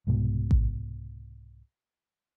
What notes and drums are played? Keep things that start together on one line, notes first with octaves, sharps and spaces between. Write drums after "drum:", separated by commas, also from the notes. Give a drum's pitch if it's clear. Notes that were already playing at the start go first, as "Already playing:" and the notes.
C2 G#2 B2
drum: kick A1